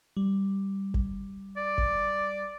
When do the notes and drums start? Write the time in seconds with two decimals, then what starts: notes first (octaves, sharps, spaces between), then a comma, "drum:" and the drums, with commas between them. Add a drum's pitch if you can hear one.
0.17 G3
0.94 drum: kick G1
1.57 D5
1.78 drum: kick G1